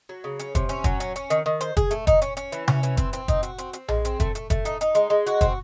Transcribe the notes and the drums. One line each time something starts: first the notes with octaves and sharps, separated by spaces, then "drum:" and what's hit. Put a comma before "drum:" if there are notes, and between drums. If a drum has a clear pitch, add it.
F#3
C#3
C#4, drum: hi-hat
C3, drum: kick, hi-hat
C#4, drum: hi-hat
F#3, drum: kick, hi-hat
C#4, drum: hi-hat
C#4, drum: hi-hat
D#3, drum: hi-hat
D#3
C5, drum: hi-hat
G#4, drum: kick, hi-hat
A3, drum: hi-hat
D#4, drum: kick, hi-hat
C#4, drum: hi-hat
C#4, drum: hi-hat
E3, drum: hi-hat
C#4, drum: tom C3
E3, drum: hi-hat
C4, drum: kick, hi-hat
C4, drum: hi-hat
D#4, drum: kick, hi-hat
F#4, drum: hi-hat
C4, drum: hi-hat
C4, drum: hi-hat
G#3, drum: tom A#1
C4, drum: hi-hat
A3, drum: kick, hi-hat
A3, drum: hi-hat
A3, drum: kick, hi-hat
D#4, drum: hi-hat
D#4, drum: hi-hat
G#3, drum: hi-hat
G#3
F#4, drum: hi-hat
C4, drum: kick, hi-hat